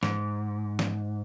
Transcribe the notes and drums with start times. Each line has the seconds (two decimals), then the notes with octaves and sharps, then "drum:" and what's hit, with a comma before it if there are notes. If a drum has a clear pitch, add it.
0.03 G#2, drum: snare
0.79 drum: snare